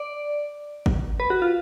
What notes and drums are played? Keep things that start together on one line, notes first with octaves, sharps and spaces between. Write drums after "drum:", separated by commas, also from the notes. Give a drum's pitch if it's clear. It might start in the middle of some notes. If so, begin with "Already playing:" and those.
Already playing: D5
drum: kick G#1
B4
F#4
F4